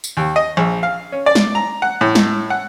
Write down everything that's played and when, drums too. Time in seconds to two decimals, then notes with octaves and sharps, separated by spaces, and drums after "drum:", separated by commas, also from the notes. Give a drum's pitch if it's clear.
0.04 drum: tambourine
0.17 D#2
0.36 D#5
0.57 A#1
0.83 F5
1.12 C#4
1.26 D5
1.35 drum: snare G3
1.55 A#5
1.82 F#5
2.01 A2
2.15 drum: snare G3
2.50 F#5